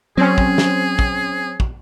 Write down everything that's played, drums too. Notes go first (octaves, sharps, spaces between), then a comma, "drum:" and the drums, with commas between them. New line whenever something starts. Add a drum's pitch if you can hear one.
F#3 C4 C#4 G#4
drum: kick
drum: snare
drum: kick
drum: kick